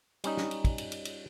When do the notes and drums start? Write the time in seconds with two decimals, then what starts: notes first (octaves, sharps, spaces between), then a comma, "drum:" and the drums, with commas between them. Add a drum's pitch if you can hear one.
0.24 G3 C#4 D#4, drum: cymbal
0.37 drum: snare
0.51 drum: cymbal
0.65 drum: kick, cymbal
0.78 drum: cymbal
0.92 drum: cymbal
1.05 drum: cymbal